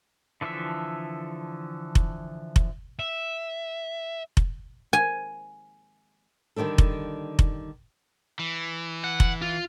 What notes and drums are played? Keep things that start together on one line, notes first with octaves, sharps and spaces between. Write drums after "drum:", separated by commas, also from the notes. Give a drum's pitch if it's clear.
D3 E3 F3 A4 E5
drum: kick F1
drum: kick F1
E5
drum: kick F1
G#5
D3 D#3 G3 D4 A4
drum: kick F1
drum: kick F1
E3
F#5
drum: kick F1
F4